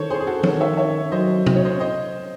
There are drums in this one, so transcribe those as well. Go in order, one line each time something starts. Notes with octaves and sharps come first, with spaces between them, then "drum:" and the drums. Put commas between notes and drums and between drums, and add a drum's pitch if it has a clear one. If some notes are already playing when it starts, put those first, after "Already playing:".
Already playing: D#3 A4 C5 C#5
G#4 C5
G#4
F#4 A4
D#3 A4 C#5, drum: tom F3
C#5 E5
C#5 E5
F#3 C5 D#5
D#5, drum: tom
C#5
C5 D#5
C5 D#5